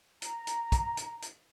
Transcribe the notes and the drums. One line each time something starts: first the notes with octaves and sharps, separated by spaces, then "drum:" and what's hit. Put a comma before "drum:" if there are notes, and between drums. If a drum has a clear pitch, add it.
A#5, drum: hi-hat
drum: hi-hat
drum: kick, hi-hat
drum: hi-hat
drum: hi-hat